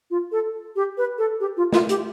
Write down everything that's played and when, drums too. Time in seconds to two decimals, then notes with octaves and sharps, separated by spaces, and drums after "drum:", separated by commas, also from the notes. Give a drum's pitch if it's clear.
0.11 F4
0.32 A4
0.76 G4
0.98 B4
1.18 A4
1.40 G4
1.57 F4
1.73 F4, drum: snare
1.89 G4, drum: hi-hat